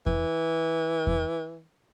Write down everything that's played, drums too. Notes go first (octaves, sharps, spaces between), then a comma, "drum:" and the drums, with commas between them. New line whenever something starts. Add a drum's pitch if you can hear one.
E3, drum: kick E2
drum: kick E2